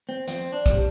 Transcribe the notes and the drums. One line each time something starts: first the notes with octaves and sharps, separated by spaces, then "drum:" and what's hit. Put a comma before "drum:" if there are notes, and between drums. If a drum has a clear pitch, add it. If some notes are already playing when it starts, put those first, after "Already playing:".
C4
F2 C4, drum: hi-hat
D4
C3 G3, drum: kick, hi-hat